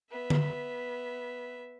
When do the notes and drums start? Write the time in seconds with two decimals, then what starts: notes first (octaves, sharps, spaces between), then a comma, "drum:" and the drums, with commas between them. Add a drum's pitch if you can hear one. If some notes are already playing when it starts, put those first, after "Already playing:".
0.10 B3 E5
0.30 drum: tom D3